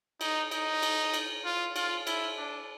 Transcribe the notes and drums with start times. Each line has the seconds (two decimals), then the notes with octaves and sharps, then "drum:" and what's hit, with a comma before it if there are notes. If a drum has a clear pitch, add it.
0.21 D#4, drum: cymbal
0.51 D#4, drum: cymbal
0.83 drum: cymbal
1.14 drum: cymbal
1.45 F4
1.76 F4, drum: cymbal
2.07 E4, drum: cymbal
2.38 D4